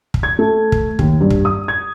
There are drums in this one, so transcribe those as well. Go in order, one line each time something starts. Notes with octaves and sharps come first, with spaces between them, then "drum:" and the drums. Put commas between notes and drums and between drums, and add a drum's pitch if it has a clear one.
drum: kick
G#6
A3
drum: kick
D#2, drum: kick
G2
drum: kick
D#6
G#6